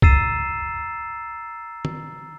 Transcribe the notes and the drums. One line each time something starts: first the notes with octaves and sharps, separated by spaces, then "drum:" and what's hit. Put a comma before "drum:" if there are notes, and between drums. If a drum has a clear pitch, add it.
A#5 E6 A6 C7 D#7 E7, drum: kick
drum: tom D#3